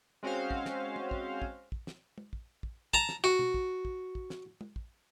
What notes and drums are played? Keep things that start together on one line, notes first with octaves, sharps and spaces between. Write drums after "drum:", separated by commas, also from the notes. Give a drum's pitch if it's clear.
G#3 C4 C#4 F#4 C5 F5
drum: kick
drum: snare
drum: tom
drum: kick
drum: kick
drum: kick
drum: snare
drum: tom
drum: kick
drum: kick
A5 A#5, drum: kick
drum: snare
F#4
drum: tom B2
drum: kick
drum: kick
drum: kick
drum: snare
drum: tom
drum: kick